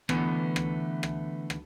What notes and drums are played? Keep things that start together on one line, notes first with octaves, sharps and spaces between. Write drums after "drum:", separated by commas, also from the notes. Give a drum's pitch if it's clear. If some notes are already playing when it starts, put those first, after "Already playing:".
D3 E3 A3 B3, drum: rim click
drum: rim click
drum: rim click
drum: rim click